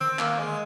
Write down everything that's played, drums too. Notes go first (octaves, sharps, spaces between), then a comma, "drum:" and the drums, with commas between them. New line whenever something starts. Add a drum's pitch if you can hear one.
D#3 C4
A#3, drum: clap
G#3